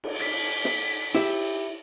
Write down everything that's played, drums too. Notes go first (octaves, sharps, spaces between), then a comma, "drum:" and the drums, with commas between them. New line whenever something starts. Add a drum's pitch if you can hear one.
drum: cymbal
D6 B6
drum: snare
E4 G4, drum: snare